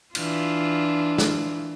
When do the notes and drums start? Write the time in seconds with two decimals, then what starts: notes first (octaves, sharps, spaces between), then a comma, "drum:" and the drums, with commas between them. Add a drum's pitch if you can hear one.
0.15 E3 D4 F4, drum: cymbal
1.18 drum: snare